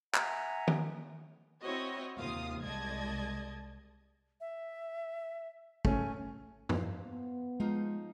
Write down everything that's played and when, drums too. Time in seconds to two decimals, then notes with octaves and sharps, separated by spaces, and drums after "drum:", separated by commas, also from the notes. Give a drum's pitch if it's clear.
0.15 E5 F#5 G#5 A#5, drum: clap
0.67 drum: tom
1.63 C4 E4 F#4 C#5 D#5
2.15 D#2 C3 F4 F5 D#6
2.63 C2 G#3 D5 D#5 A5 G#6
4.41 E5
5.85 A3 C#4 G#5, drum: kick
6.69 C5 F5, drum: tom F#2
7.04 B3
7.60 F3 G#3 D#4 F4